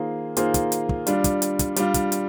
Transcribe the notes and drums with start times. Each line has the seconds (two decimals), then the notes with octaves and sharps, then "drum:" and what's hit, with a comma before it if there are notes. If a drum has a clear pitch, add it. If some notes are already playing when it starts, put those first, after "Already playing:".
Already playing: D#3 A#3 F4 G#4 C5
0.37 D#3 A#3 F4 G#4 C5, drum: hi-hat
0.54 drum: kick, hi-hat
0.72 drum: hi-hat
0.89 drum: kick
1.07 G3 D4 F4, drum: hi-hat
1.24 drum: kick, hi-hat
1.42 drum: hi-hat
1.59 drum: kick, hi-hat
1.76 G3 D4 F4, drum: hi-hat
1.94 drum: kick, hi-hat
2.12 drum: hi-hat